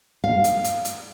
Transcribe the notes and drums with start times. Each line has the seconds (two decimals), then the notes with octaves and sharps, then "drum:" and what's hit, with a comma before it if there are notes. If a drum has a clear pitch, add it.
0.24 F5
0.44 drum: hi-hat
0.64 drum: hi-hat
0.85 drum: hi-hat